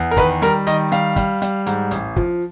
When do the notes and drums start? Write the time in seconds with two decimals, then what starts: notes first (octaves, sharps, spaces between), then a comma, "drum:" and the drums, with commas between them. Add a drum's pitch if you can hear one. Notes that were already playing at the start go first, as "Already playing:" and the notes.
Already playing: E2
0.11 A#4
0.17 D#3 B4, drum: kick, hi-hat
0.42 G3 A#4, drum: hi-hat
0.67 D#3 D#5, drum: hi-hat
0.92 G3 F5, drum: hi-hat
1.16 G3, drum: kick, hi-hat
1.42 G3, drum: hi-hat
1.66 G#2, drum: hi-hat
1.91 A1, drum: hi-hat
2.16 F3, drum: kick